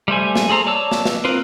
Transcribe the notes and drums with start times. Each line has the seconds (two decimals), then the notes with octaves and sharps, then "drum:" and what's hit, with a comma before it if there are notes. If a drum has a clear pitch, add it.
0.08 G3 A3 C5 G#5
0.36 drum: snare
0.50 G#4 A4 C5 A#5
0.67 C#5 D5 A5 E6
0.91 drum: snare
1.05 drum: snare
1.25 C4 F4 A#4 B4